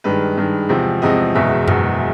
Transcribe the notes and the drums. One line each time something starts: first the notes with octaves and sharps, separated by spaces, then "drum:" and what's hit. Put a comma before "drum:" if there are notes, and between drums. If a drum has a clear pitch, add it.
G2 D#3 G#3 B4
G2 D#3 G#3
E2 C3 F3 G#3 C4
E2 C3 F3 G#3 C4 D#5
F#1 E2 B2 G#3 E5
F#1 E2 B2 G#3, drum: tom F#2